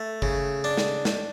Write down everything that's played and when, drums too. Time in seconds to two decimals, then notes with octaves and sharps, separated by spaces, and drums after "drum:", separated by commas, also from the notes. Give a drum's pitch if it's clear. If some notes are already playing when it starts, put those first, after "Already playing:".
Already playing: A3
0.22 C#3, drum: kick G1
0.64 D4
0.77 drum: snare
1.05 drum: snare